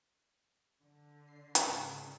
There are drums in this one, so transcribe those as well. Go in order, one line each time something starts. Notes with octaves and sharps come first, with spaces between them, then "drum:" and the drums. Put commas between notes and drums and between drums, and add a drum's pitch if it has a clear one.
D3
C7
drum: hi-hat
G#2 C#3